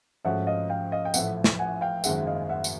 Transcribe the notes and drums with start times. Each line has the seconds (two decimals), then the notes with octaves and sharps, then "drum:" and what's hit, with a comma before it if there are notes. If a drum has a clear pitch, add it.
0.24 G#2 F3 A3 C#4 F#4 E5 F#5
0.47 D#5 F5
0.70 F5 G5
0.92 D#5 F5
1.05 G5
1.14 A1 A2 F3 A3 E5 F#5, drum: tambourine
1.44 drum: snare
1.59 F#5 G#5
1.81 F5 G5
2.04 F#1 F#2 D#3 G#3 E5 F#5, drum: tambourine
2.27 D#5 F5
2.49 E5 F#5
2.64 drum: tambourine